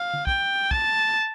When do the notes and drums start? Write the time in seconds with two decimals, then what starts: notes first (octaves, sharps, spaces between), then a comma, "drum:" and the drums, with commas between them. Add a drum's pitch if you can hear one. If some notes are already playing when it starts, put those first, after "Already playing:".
Already playing: F5
0.14 drum: tom
0.27 G5, drum: kick
0.71 A5, drum: kick